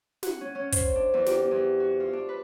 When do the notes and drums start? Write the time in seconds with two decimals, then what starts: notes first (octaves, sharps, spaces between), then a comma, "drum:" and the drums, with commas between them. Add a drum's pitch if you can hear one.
0.23 F#5, drum: snare
0.41 C#4
0.55 C#4
0.72 C5, drum: kick, hi-hat
0.96 D4
1.14 E2
1.26 G4, drum: snare
1.51 E2
1.80 F#4
2.00 F4
2.13 D4
2.29 B4